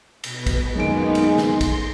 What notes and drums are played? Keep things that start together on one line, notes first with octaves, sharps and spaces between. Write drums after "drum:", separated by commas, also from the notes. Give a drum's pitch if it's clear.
B2 B3, drum: cymbal
drum: kick, cymbal
F#2 D#3 G#3 A#3 B3 D#4 D7
drum: cymbal
C6
drum: snare
drum: kick, cymbal